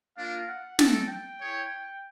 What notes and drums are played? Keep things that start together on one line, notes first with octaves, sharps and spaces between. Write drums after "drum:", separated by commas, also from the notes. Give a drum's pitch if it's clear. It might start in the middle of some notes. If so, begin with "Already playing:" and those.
A#3 D4 F4 F5
F#5
D#4 F#4 A4 G5, drum: snare
G5
E4 G#4 C#5